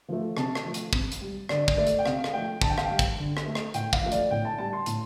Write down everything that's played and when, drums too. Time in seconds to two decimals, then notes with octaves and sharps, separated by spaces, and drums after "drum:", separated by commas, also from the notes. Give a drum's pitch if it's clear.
0.09 F3 A3
0.37 C3 A5, drum: rim click
0.55 drum: rim click
0.65 F3 A3
0.74 drum: hi-hat
0.93 C3, drum: kick
1.12 drum: hi-hat
1.21 G3
1.49 D3 D5, drum: rim click
1.68 drum: kick
1.77 A3 D5
1.87 drum: hi-hat
1.99 G5
2.06 C3 F5, drum: rim click
2.24 drum: rim click
2.33 F3 A3 G5
2.62 D3 A5, drum: kick
2.70 G5
2.78 F5, drum: rim click
2.85 G3 G5
2.99 drum: kick, hi-hat
3.18 D3
3.37 drum: rim click
3.46 A3
3.55 drum: rim click
3.74 A2 G5, drum: hi-hat
3.93 F5, drum: kick
4.02 F3 A3
4.12 D5, drum: hi-hat
4.31 A2 G5
4.45 A5
4.58 G3 A5
4.73 C6
4.86 A2, drum: hi-hat